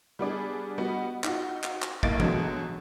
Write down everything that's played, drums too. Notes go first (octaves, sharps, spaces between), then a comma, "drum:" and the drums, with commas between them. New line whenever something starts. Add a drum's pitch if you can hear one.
G3 B3 D4 G#4
G3 B3 F#4 D#5
D#4 F4 F#4, drum: clap
drum: clap
drum: clap
B1 A2 A#3 D#5 A6 D7, drum: kick
B2 D3 F#3 G#3, drum: tom E3